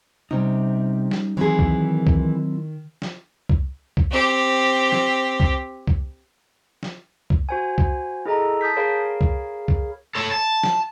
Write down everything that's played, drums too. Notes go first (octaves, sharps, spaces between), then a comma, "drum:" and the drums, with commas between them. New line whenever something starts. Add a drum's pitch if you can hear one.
C3 G3 C#4 D#4
drum: snare
D#3 E3 F#3 C4 E4 G#4
drum: kick C2
drum: kick C2
drum: snare
drum: kick C2
drum: kick C2
C4 G4
drum: snare
drum: kick C2
drum: kick C2
drum: snare
drum: kick C2
F#4 C5 G#5
drum: kick C2
E4 G#4 A4 D#5 A#5
A5 D#6 G6 B6
G#4 A#4 C#5 F5 B5
drum: kick C2
drum: kick C2
A4 C#5
A5
drum: snare